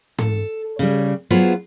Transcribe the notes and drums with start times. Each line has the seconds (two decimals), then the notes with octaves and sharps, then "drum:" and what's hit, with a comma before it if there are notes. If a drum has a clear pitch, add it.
0.18 A4, drum: tom
0.79 C#3 G3
1.30 F#3 B3 F4 G#4 B4 C5